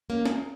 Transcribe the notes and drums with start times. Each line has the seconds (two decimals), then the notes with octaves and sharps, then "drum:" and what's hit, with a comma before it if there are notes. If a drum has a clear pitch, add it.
0.10 A#3 C#4
0.26 drum: snare